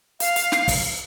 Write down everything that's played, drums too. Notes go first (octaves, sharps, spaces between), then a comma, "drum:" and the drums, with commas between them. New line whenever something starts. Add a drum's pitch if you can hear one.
F5, drum: hi-hat
drum: hi-hat
drum: snare
drum: kick, open hi-hat